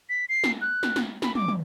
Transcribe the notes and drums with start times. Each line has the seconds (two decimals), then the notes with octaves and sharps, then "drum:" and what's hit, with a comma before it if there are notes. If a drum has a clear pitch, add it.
0.09 B6
0.29 C7
0.44 drum: snare
0.61 F#6
0.83 drum: snare
0.96 drum: snare
1.22 B5, drum: snare
1.35 D6, drum: tom
1.48 drum: tom